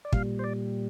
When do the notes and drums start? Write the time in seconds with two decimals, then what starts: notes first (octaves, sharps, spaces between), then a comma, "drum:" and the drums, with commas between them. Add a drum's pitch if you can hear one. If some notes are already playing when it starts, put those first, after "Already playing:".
0.05 D5
0.13 A#2 G3 F5, drum: kick
0.39 C5
0.44 D5